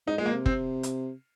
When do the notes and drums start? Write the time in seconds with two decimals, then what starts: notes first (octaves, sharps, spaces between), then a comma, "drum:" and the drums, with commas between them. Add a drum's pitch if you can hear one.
0.07 G#2 D#4
0.18 A#2 G#3
0.26 A#3
0.33 C3
0.46 C4, drum: kick
0.83 drum: hi-hat